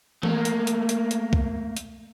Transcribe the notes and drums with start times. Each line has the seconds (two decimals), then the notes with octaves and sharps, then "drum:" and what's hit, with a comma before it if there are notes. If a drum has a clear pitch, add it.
0.23 A3 A#3, drum: tom E3
0.45 drum: hi-hat
0.67 drum: hi-hat
0.89 drum: hi-hat
1.11 drum: hi-hat
1.33 drum: kick C2
1.77 drum: hi-hat